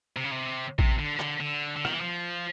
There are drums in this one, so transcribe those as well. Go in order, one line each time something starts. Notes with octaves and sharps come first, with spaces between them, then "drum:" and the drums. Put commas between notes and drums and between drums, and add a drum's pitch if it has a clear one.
C3
C#3
C3
C3, drum: kick A1
D3
D3, drum: clap
D3
D3
D#3, drum: rim click
E3
F3